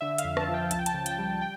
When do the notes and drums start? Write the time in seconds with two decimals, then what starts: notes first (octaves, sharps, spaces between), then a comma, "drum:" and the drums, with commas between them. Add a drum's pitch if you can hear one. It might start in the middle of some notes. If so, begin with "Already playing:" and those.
0.01 D3 E5
0.18 F5, drum: hi-hat
0.24 F2
0.37 A5, drum: rim click
0.48 F3
0.54 G5
0.71 C#2 A5, drum: hi-hat
0.79 G5
0.86 A5, drum: hi-hat
0.94 C#3
1.06 G5, drum: hi-hat
1.18 G3
1.41 G5